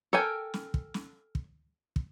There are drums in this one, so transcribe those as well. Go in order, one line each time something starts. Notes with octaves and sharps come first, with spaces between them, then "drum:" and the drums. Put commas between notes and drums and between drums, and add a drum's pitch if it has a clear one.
A4 A#4 G5 G#5
drum: snare
drum: kick
drum: snare
drum: kick
drum: kick